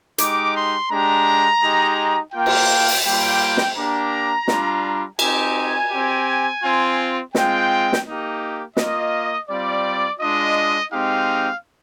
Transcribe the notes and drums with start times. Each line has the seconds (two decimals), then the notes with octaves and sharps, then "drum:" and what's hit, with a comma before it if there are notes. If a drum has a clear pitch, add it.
0.18 G#3 D#4 G4 D6, drum: hi-hat
0.54 C6
0.90 G#3 D4 G4 A#5
1.62 G#3 D#4 G4
2.33 A#3 F4 G5
2.46 drum: cymbal
2.88 drum: open hi-hat
3.05 G3 A#3 F4 G5
3.57 drum: snare
3.76 A#3 D4 G4 A#5
4.48 G3 D4 F4, drum: snare
5.19 C4 D#4 G4 G#5, drum: cymbal
5.90 C4 G4
6.63 C4 F4
7.35 G#3 C4 F4 G5, drum: snare
7.93 drum: snare
8.06 A#3 D#4 G4
8.77 A#3 F4 D#5, drum: snare
9.48 G3 C4 F4 D5
10.20 G#3 D4 F4 D#5
10.91 G#3 C4 D#4 G4 F5